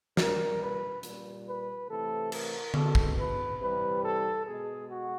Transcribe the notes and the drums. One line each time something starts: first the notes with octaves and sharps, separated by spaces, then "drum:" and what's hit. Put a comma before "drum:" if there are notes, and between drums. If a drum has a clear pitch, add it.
A#2 G3 A#4, drum: snare
B4
A#2 G3, drum: hi-hat
B4
C3 E3 A3 A4
A#4, drum: cymbal
B2 G#3 A4, drum: tom D3
drum: kick
B4
C3 E3 G3 B4
A4
B2 G#3 G#4
F#4